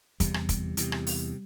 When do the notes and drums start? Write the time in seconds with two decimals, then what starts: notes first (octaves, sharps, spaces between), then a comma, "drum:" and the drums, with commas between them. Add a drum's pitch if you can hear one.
0.20 E2 C3 G3, drum: kick, hi-hat
0.34 drum: rim click
0.49 drum: kick, hi-hat
0.77 E2 C3, drum: hi-hat
0.92 drum: rim click
1.07 drum: open hi-hat